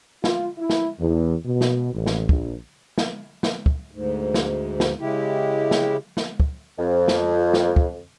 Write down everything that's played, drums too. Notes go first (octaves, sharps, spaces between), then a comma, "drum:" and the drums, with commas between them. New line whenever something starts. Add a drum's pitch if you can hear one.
F4, drum: snare
E4
drum: snare
E2
B2
drum: snare
A1
drum: snare
A#1, drum: kick
drum: snare
drum: snare
drum: kick
D2 G#2
drum: snare
drum: snare
C#3 G#3 E4 G4
drum: snare
drum: snare
drum: kick
F2
drum: snare
drum: snare
drum: kick